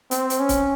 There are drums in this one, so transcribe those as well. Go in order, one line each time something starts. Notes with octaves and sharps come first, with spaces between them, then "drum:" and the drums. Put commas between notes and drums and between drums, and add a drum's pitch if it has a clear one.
C4, drum: hi-hat
drum: hi-hat
C#4
drum: kick C#1, hi-hat